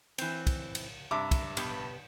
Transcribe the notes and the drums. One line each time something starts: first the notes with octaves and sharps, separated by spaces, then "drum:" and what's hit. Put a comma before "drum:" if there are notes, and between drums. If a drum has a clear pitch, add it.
E3 C4, drum: cymbal
drum: kick, cymbal
drum: cymbal
G2 C3 E5 D6
drum: kick, cymbal
B2 B3 G4, drum: cymbal